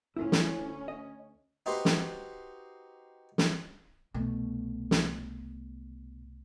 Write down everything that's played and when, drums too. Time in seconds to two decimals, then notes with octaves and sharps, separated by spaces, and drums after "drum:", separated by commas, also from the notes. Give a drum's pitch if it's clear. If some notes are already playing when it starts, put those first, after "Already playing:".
0.17 D2 C#4 E4 F4
0.32 drum: snare
0.88 D#5
1.66 D#4 F#4 G4 B4 C5
1.85 drum: snare
3.38 drum: snare
4.14 C2 B2 A3
4.91 drum: snare